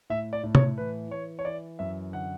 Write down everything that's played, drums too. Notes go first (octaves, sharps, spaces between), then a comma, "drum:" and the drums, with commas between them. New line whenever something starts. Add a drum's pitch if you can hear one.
A2 E5
D5
A2
C#5, drum: tom C3
E3 B4
E3 C#5
C#5
E3 D5
F#2 E5
D3 F#5